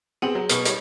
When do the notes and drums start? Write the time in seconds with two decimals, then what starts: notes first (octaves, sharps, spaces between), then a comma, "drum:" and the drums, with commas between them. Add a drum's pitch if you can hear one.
0.22 B3 C4 G#4 F#5 G#5 F#7
0.35 F#3
0.49 B2 B4 C#6 D#6 F6, drum: hi-hat
0.65 G3 C#5, drum: hi-hat